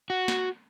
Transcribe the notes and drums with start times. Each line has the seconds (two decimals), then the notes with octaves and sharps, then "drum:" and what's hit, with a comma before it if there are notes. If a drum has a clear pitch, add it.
0.10 F#4
0.28 drum: snare